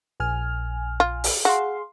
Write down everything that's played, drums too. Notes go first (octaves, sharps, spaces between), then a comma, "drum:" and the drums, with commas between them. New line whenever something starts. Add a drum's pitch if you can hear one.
A#1 G#5 F6
F4
drum: open hi-hat
F#4 G#4 F5 C6